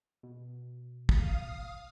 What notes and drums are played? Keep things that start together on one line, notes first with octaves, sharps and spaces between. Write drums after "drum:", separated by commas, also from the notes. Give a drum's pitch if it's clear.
B2
F5 D#6, drum: kick